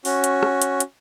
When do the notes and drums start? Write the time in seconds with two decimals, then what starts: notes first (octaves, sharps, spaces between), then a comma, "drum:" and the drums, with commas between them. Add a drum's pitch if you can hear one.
0.05 C#4 F#4, drum: open hi-hat
0.24 drum: hi-hat
0.43 drum: rim click
0.62 drum: hi-hat
0.80 drum: hi-hat